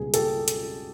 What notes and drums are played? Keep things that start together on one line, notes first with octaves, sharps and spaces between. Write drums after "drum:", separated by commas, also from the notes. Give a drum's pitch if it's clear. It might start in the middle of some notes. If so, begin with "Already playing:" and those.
Already playing: C#2 B2 G3 G#4
G4 A4, drum: hi-hat
drum: hi-hat